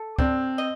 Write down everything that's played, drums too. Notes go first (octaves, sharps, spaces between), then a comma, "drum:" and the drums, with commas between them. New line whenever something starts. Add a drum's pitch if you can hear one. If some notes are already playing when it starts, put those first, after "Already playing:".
Already playing: A4
C4 D4, drum: kick
D#5